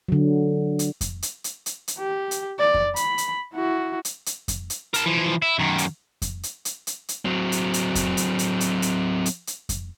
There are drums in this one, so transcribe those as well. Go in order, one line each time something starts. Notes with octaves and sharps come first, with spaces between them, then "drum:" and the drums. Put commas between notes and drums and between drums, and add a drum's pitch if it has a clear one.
D3 F#3
drum: hi-hat
drum: kick F2, hi-hat
drum: hi-hat
drum: hi-hat
drum: hi-hat
drum: hi-hat
G4
drum: hi-hat
D5
drum: kick F2
B5, drum: hi-hat
drum: hi-hat
E4 F#4
drum: hi-hat
drum: hi-hat
drum: kick F2, hi-hat
drum: hi-hat
A#4 A5, drum: hi-hat
E3 F3
E4
F#2 D#3
drum: hi-hat
drum: kick F2, hi-hat
drum: hi-hat
drum: hi-hat
drum: hi-hat
drum: hi-hat
F#3 C4
drum: hi-hat
drum: hi-hat
drum: kick F2, hi-hat
drum: hi-hat
drum: hi-hat
drum: hi-hat
drum: hi-hat
drum: hi-hat
drum: hi-hat
drum: kick F2, hi-hat